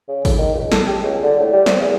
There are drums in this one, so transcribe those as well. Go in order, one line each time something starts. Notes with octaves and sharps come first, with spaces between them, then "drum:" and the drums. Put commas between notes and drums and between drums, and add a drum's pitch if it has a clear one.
C#3
A2, drum: kick G#1, open hi-hat
D#3
C#2
A4, drum: snare
G4
C#2
D3
A2
G3
C2, drum: snare
E2